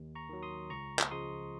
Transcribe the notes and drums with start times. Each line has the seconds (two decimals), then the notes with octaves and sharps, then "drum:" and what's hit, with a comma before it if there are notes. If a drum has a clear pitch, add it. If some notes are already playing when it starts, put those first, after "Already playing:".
Already playing: D#2
0.15 A#5 C#6
0.29 D#3 F#3
0.43 C6 D#6
0.70 C#2 A#5 C#6
0.99 drum: clap
1.11 C#3 F3 G#3 C6 D#6